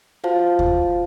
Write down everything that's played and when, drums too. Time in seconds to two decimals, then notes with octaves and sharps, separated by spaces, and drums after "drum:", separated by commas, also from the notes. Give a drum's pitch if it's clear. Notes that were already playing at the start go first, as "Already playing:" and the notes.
0.24 F4 F#4 C5 F5 A5
0.59 drum: kick D#2